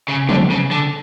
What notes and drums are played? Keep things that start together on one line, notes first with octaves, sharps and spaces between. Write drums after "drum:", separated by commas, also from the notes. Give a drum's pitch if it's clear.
C#3
D3, drum: tom E3
C#3
D3